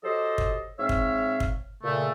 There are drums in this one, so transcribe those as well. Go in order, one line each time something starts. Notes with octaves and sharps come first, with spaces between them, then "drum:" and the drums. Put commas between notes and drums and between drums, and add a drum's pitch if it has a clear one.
F#3 G4 A4 C5 D#5
drum: kick
G#2 C4 C#5 E5 F5 E6
drum: kick
drum: kick
A#2 C#3 A3